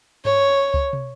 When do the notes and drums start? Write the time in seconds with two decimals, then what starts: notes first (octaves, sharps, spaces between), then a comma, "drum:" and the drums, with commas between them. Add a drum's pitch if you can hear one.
0.25 C#5, drum: tom G2
0.74 drum: kick C#2
0.93 drum: tom